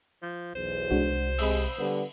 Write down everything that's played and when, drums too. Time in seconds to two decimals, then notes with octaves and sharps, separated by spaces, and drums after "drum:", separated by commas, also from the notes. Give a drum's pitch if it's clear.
0.23 F3
0.55 B1 E2 C5
0.91 C2 G#3 D4 F#4
1.38 C3 G#3 B5 D#6 E6, drum: open hi-hat
1.77 D3 G3 B3